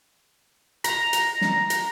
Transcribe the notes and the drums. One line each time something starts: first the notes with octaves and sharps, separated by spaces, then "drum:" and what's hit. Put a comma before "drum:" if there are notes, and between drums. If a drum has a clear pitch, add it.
A#5, drum: hi-hat
drum: hi-hat
drum: snare
drum: hi-hat